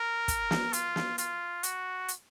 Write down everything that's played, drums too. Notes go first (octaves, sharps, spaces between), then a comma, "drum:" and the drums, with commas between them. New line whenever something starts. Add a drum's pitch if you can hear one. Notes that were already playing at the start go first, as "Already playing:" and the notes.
Already playing: A#4
drum: kick, hi-hat
drum: snare
F4, drum: hi-hat
drum: snare
F4, drum: hi-hat
F#4, drum: hi-hat
drum: hi-hat